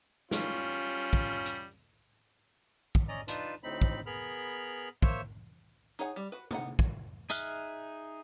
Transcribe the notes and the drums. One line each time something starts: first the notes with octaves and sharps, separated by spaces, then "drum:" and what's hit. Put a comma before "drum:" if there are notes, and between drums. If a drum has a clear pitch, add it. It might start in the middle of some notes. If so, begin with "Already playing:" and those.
G3 C#4 F4, drum: snare
drum: kick
drum: hi-hat
drum: kick
C#4 D5 D#5 A#5
D4 D#4 F4 B4 A5, drum: hi-hat
D2 A2 C4 D#4 B5
drum: kick
B3 G#4 A#4 B5 F6
A#3 C5 C#5 E5, drum: kick
D#4 G#4 C#5 F#5 G#5
G3
F#4 B4
B3 D#4 F#5, drum: tom
drum: kick
D#4 G#4 E5 F6 F#6, drum: tambourine